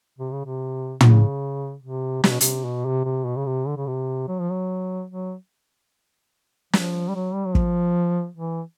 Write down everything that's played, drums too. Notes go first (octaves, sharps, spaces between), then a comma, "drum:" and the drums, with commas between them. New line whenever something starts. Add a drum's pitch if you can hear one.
C3
C#3
C3
C#3, drum: tom
C3
C3, drum: snare
B2
C3, drum: hi-hat
B2
C3
C3
B2
C#3
C3
D3
C#3
C3
F#3
F3
F#3
F#3
F3, drum: snare
G3
F#3
G3
F#3
F3, drum: kick
E3